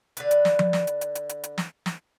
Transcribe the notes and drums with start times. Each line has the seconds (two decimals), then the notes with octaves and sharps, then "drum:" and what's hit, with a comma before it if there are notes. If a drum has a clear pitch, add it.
0.17 D3 B4, drum: hi-hat
0.31 drum: hi-hat
0.45 drum: snare
0.59 drum: tom F3
0.73 drum: snare
0.87 drum: hi-hat
1.01 drum: hi-hat
1.15 drum: hi-hat
1.29 drum: hi-hat
1.44 drum: hi-hat
1.58 drum: snare
1.86 drum: snare